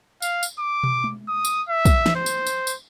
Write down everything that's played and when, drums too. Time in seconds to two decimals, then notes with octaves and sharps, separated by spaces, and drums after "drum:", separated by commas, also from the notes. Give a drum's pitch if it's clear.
0.22 F5, drum: tambourine
0.43 drum: tambourine
0.59 D6
0.83 drum: tom
1.04 drum: tom G#3
1.29 D#6
1.45 drum: tambourine
1.69 E5
1.85 drum: kick, tambourine
2.06 drum: snare
2.16 C5
2.26 drum: tambourine
2.47 drum: tambourine
2.67 drum: tambourine